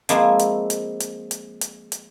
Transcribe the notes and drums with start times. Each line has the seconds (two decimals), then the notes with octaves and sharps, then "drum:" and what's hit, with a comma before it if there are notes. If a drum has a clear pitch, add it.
0.09 F3 G#3 A#3 C4 E4, drum: hi-hat
0.39 drum: hi-hat
0.70 drum: hi-hat
1.00 drum: hi-hat
1.31 drum: hi-hat
1.61 drum: hi-hat
1.92 drum: hi-hat